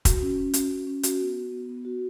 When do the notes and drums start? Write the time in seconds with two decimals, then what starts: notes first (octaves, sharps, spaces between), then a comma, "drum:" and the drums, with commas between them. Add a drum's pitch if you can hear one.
0.05 F#4, drum: kick, hi-hat
0.22 C#4
0.38 C#4
0.54 F#4, drum: hi-hat
0.70 C#4
0.87 C#4
1.03 F#4, drum: hi-hat
1.20 B3
1.36 F#4
1.52 B3
1.69 B3
1.85 F#4